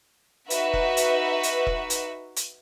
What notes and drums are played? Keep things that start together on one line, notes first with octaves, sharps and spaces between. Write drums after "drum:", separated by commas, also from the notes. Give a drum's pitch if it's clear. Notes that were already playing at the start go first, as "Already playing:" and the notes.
D#4 F#4 B4 E5, drum: hi-hat
drum: kick E1
drum: hi-hat
drum: hi-hat
drum: kick E1
drum: hi-hat
drum: hi-hat